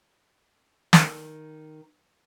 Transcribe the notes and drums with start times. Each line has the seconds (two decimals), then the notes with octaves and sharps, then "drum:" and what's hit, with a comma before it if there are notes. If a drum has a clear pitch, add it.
0.93 D#3, drum: snare